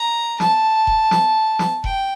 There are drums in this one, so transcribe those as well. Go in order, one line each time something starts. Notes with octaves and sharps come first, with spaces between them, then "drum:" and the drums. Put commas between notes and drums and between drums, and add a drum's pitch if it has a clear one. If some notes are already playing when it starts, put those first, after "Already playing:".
Already playing: A#5
A5, drum: snare
drum: kick E1
drum: snare
drum: snare
G5, drum: kick E1